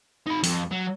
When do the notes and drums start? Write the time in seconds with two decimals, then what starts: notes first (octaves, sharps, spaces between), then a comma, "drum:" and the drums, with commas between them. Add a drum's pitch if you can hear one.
0.27 D#4 B5
0.44 F2, drum: open hi-hat
0.71 F#3